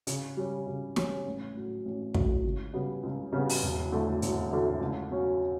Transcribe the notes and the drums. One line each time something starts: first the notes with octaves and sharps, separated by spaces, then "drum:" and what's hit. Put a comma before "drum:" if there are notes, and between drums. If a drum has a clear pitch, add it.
C#3, drum: hi-hat
G3 C#4
C#3
G3 C#4, drum: snare
A1
A2 F#3
A1
A2 F#3, drum: kick
C#2
C#3 G3 B3
C#2
C#3 G3 B3
drum: open hi-hat
E1
D2 D3 A3 E4
E1, drum: hi-hat
D2 D3 A3 E4
C#2
B2 F#3 C#4 F#4